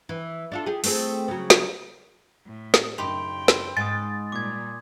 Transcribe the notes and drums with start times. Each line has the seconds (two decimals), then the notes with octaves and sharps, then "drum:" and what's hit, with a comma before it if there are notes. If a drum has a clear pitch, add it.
0.09 E3
0.52 D4 F4 A4
0.66 G4 G#4
0.84 A3 C4 G#4, drum: open hi-hat
1.28 C#3 F#3
1.50 drum: snare
2.46 A2
2.74 drum: snare
2.98 F#2 C#3 D#4 G4 G5 B5 C6 F7
3.48 drum: snare
3.77 G#2 G#5 D#6 A6
4.32 A#2 G3 D6 G#6